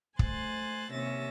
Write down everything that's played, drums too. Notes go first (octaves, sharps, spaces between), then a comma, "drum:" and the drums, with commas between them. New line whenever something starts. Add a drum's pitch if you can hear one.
A3 C5 G#5 C6 F#6 A6, drum: kick
D#2 C3 C#4 E5 A6 A#6